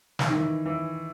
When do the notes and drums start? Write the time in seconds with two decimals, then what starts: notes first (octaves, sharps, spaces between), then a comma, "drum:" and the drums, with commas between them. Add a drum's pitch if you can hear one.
0.19 E3, drum: snare
0.29 D#3
0.37 E3
0.66 E3